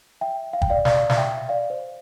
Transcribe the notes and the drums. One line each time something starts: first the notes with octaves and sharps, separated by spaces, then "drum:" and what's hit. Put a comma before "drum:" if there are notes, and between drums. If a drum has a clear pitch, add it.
E5 G5
F5
G5, drum: kick
D5 F5
D5 F5, drum: snare
F5, drum: snare
E5 G5
D5 F5
C5